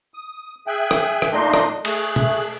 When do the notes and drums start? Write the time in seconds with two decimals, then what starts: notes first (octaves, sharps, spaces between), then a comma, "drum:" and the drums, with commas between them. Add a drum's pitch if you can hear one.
0.14 D#6
0.67 G#4 E5 G5 G#5 F#6
0.91 drum: rim click
1.22 drum: rim click
1.32 A#2 A3 D4 D#4 D#5 C6
1.53 drum: rim click
1.85 A3 G#4 F#6, drum: cymbal
2.16 drum: tom